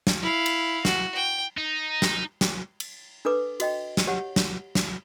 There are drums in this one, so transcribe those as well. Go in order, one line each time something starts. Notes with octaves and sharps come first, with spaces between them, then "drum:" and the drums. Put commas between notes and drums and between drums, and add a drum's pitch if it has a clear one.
drum: snare
E4 F5
drum: cymbal
F#4, drum: snare
G5
D#4
drum: snare
drum: snare
drum: cymbal
D4 A4 B4 D6
F#4 D#5 G5, drum: cymbal
drum: snare
G4 C#5 F#5
drum: snare
drum: snare